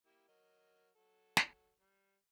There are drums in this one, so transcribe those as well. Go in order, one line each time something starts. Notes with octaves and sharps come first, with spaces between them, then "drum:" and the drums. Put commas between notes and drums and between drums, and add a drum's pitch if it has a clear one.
A#3 E4 G4
F#3 A#4 D#5
F#3 A4
drum: snare
G3